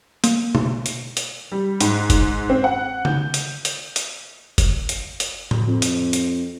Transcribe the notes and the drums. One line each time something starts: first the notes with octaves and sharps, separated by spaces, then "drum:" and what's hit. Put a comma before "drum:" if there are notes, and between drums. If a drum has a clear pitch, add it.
A#3, drum: hi-hat
drum: tom B2
drum: hi-hat
drum: hi-hat
G3
G#2, drum: hi-hat
drum: kick F#1, hi-hat
C4
F#5
G6, drum: tom C#3
drum: hi-hat
drum: hi-hat
drum: hi-hat
drum: kick F#1, hi-hat
drum: hi-hat
drum: hi-hat
drum: tom A2
F2
drum: hi-hat
drum: hi-hat